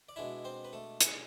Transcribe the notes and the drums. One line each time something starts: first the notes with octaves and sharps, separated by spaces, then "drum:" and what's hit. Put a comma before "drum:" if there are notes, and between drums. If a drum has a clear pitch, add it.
D5
B2 G#3 D4 E4 E5
C4 C5
B4
A3 A4
G#4, drum: hi-hat